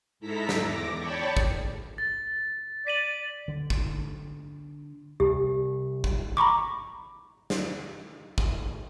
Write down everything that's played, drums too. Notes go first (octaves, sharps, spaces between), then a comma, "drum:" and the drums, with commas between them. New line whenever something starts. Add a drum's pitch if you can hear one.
G#2 E4 A4 A#5 B6
drum: snare
E2 D6 A#6
C#5 D5 G5 A5 B5 C#6
drum: kick
A6
D5 B6 D#7 F#7
D3
drum: kick
C2 G4
drum: kick
A#5 B5 C#6 D6
drum: snare
drum: kick